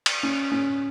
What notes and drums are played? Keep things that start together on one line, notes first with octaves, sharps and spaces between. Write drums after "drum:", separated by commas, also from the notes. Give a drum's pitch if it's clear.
drum: cymbal
C#4
C#4